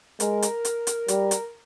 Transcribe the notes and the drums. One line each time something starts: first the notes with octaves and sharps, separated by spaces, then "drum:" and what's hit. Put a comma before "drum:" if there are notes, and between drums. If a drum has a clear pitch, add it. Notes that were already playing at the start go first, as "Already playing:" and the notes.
G#3 A#4, drum: hi-hat
drum: hi-hat
drum: hi-hat
drum: hi-hat
G3, drum: hi-hat
drum: hi-hat